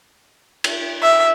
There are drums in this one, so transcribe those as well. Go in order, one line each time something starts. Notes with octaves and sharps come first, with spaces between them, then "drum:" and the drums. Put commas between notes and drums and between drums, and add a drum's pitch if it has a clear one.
drum: cymbal
E5